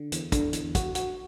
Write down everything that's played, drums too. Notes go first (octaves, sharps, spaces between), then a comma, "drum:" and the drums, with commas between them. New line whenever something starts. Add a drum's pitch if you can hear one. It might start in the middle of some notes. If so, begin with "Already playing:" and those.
Already playing: D3
E2, drum: hi-hat
D3, drum: kick, hi-hat
E2, drum: hi-hat
F#4, drum: kick, hi-hat
F#4, drum: hi-hat